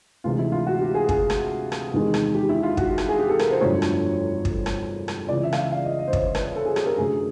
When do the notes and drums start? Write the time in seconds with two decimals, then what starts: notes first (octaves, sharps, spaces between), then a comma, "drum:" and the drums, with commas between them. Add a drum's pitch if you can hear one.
0.24 D2 C3 E3 G#3 F4
0.39 E4
0.52 F4
0.67 F#4
0.81 G4
0.94 G#4
1.09 G#4, drum: kick
1.30 drum: rim click
1.72 drum: rim click
1.93 E2 C3 D#3 G#3
2.14 drum: rim click
2.35 G4
2.49 E4
2.63 F4
2.77 F#4, drum: kick
2.98 drum: rim click
3.09 G#4
3.19 G4
3.29 A4
3.39 A#4, drum: rim click
3.51 C5
3.61 G1 F2 D3 F#3 A3 C#5
3.82 drum: rim click
4.45 drum: kick
4.66 drum: rim click
5.08 drum: rim click
5.29 C#2 C#3 E3 D5
5.44 E5
5.53 F5, drum: rim click
5.57 E5
5.71 F5
5.85 D#5
5.99 D#5
6.07 C5
6.13 C#5, drum: kick
6.35 B4, drum: rim click
6.56 A4
6.65 G#4
6.76 G4, drum: rim click
6.87 A#4
6.96 F#2 D3 F#3 A3 G#4